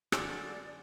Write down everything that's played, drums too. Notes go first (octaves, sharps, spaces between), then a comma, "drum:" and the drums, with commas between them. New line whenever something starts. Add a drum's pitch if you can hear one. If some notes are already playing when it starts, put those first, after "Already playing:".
F#2 D3 F#4 G#4 D5 G#5 A5, drum: rim click